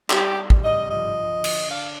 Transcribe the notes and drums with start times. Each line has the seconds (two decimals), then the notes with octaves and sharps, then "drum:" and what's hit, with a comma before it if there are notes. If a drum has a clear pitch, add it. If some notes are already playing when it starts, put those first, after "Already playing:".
0.10 G3 G4, drum: clap
0.50 G3, drum: kick
0.64 D#5
0.89 F3 D#5
1.29 D3
1.44 drum: cymbal
1.68 D4 F5